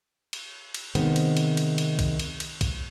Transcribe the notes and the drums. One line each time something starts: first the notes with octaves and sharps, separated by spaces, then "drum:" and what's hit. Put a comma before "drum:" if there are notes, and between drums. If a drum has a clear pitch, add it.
drum: cymbal
drum: cymbal
C3 D#3 G#3 B3 C4, drum: cymbal
drum: cymbal
drum: cymbal
drum: cymbal
drum: cymbal
drum: kick, cymbal
drum: cymbal
drum: cymbal
drum: kick, cymbal